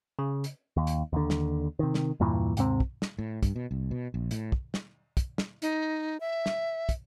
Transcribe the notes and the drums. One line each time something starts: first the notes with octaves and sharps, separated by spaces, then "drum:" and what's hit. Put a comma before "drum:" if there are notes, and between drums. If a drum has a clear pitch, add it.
C#3
drum: hi-hat
D#2
drum: hi-hat
D#2 D3
drum: snare
C3 D#3
drum: snare
E2 G2 A#2 E3
D#2 G#2 C3 C4, drum: hi-hat
drum: kick
drum: snare
A2
G2, drum: kick, hi-hat
B2
C2
B2
A#1
A2, drum: hi-hat
drum: kick
drum: snare
drum: kick, hi-hat
drum: snare
D#4, drum: hi-hat
E5
drum: snare
drum: kick, hi-hat